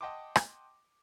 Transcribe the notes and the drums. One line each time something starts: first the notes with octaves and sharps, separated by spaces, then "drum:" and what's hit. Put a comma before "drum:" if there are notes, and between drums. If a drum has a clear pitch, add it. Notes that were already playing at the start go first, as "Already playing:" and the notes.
D#5 F#5 G5 A5 C6 D6
drum: rim click